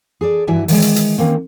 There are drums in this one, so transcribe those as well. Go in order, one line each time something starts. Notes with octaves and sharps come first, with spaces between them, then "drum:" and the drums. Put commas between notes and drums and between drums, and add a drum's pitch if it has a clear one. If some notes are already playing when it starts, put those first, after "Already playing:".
G#4 A4 D5
G2 E3 E4 F#4 E5 G#5
D#3 E3 G#3, drum: open hi-hat
drum: hi-hat
drum: hi-hat
D#3 A#3 C4 C#4